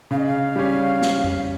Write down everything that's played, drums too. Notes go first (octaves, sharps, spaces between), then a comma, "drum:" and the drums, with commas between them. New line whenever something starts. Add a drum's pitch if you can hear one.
C#3 F5
D#5
F5
G3 C#4
drum: snare
drum: tom F2